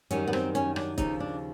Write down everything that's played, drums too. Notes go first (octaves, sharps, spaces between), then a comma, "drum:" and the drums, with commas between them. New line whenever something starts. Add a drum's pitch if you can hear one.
F#2 D#3 G3 C#4, drum: hi-hat
B3
C4, drum: rim click
C#4, drum: hi-hat
D4, drum: rim click
D#2 C#3 F3 D#4, drum: kick, hi-hat
D4